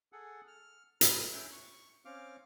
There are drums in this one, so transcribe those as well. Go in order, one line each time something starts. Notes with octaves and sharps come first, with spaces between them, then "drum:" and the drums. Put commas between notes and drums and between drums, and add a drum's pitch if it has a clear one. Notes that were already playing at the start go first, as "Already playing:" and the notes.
G#4 A4 F#5
F6
B4 A#5, drum: hi-hat
C#4 E4 G5 F#6
C#6
C4 C#4 F5 D6 F6